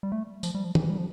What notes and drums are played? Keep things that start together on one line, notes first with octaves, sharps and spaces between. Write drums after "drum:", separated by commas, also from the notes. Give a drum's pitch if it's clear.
G3
A3
F3, drum: tambourine
G3
F3
E3, drum: tom
G3
F3